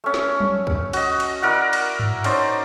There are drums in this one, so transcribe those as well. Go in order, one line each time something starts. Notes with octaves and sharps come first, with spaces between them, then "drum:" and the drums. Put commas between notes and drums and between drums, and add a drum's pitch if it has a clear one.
A3 C#4
drum: snare
drum: tom F#3
drum: kick
F#4 D#5, drum: cymbal
drum: cymbal
E4 A#4 D5 F#5
drum: cymbal
drum: tom G2
C#4 D#4 C5 D5, drum: cymbal